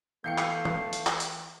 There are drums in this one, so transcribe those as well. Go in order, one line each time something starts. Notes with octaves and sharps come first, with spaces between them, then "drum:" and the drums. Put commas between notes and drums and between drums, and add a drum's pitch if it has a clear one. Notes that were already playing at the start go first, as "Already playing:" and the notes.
E3 A3 B3 F5 G5 G6 C7 C#7
drum: clap
drum: tom
drum: hi-hat
drum: clap
drum: hi-hat